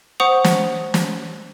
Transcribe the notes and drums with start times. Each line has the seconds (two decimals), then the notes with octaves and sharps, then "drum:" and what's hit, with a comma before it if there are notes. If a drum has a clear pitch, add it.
0.20 C5 F#5 C#6 D#6 F7
0.44 drum: snare
0.94 drum: snare